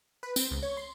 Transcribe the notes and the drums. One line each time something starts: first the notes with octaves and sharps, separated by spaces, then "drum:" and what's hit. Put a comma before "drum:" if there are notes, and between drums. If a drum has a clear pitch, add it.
B4
C4, drum: tambourine
C#2
C#5
C6